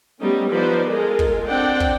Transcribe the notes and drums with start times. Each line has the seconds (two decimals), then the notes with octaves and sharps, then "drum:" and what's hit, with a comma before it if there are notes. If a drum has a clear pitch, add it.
0.20 G3 A3 B3 C#4 D#4
0.50 F3 B3 D#4 B4 C5 D5
0.88 G#3 F4 A4 A#4
1.19 drum: kick
1.47 C4 D4 D5 F#5 G5
1.80 drum: kick